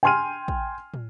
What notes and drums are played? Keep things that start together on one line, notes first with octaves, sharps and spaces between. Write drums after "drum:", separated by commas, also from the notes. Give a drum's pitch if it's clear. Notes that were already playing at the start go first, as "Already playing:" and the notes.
G5 G#5 C6 F6 D#7
drum: kick
drum: tom